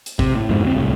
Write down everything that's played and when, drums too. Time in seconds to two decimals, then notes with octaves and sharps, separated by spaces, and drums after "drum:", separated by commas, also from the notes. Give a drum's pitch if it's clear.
0.06 drum: hi-hat
0.19 C3, drum: kick
0.35 A2
0.49 F2 G#2 B2
0.64 D2 C4
0.76 D1 C2 A2